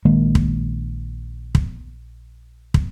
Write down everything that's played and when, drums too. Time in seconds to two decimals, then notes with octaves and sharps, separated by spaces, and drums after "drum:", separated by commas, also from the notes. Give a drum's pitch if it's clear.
0.05 A#1 D#3 G#3 A#3
0.35 drum: kick
1.55 drum: kick
2.74 drum: kick